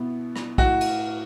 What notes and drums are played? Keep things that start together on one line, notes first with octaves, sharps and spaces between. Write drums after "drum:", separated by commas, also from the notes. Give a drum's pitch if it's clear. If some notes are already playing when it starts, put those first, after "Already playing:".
Already playing: B2 B3 E4
drum: rim click
A2 A3 E4 F#4, drum: kick
drum: cymbal